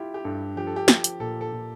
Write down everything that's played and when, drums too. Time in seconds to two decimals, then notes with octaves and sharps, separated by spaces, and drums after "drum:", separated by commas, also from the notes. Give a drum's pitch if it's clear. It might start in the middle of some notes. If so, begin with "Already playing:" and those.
Already playing: E4 F4 G4
0.14 G4
0.24 G2 A4
0.57 F3 G4
0.67 A4
0.76 G4
0.88 F3 G4, drum: snare
1.04 drum: hi-hat
1.20 A#2 A4
1.41 A4
1.52 A#2